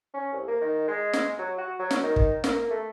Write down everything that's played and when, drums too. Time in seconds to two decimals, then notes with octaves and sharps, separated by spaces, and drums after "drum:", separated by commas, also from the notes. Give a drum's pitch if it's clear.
0.14 C#4
0.33 C2
0.48 A#3
0.61 D#3
0.88 G#3
1.13 drum: snare
1.39 F#3
1.58 F#4
1.79 F#3
1.91 drum: snare
2.03 D#3
2.16 drum: kick
2.44 A#3, drum: snare
2.70 A3